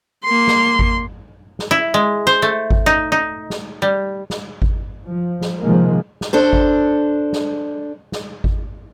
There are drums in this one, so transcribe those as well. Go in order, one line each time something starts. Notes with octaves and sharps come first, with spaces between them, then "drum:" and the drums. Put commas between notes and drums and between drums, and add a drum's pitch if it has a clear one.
A#3 C6
drum: snare
drum: kick G#1
drum: snare
E4
G#3
C5
A3
drum: kick G#1
D#4
D#4
drum: snare
G3
drum: snare
drum: kick G#1
F3
drum: snare
C3 D#3 F3 G#3 A#3
drum: snare
D4 A4 C5
drum: kick G#1
drum: snare
drum: snare
drum: kick G#1